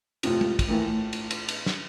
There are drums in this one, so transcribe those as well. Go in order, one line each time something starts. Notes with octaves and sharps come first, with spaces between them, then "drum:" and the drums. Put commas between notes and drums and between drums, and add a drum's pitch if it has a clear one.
F2 A2 C3 C4 F4, drum: cymbal
drum: tom
drum: kick, cymbal
A2 D#3 E3 A3 A#3
A2
drum: cymbal
drum: cymbal
drum: cymbal
drum: snare